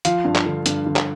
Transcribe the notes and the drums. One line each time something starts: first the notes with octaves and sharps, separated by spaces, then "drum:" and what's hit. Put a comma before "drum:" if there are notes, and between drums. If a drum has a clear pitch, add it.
F3 F5, drum: hi-hat
G2
drum: clap
D3
G2, drum: hi-hat
D3
drum: clap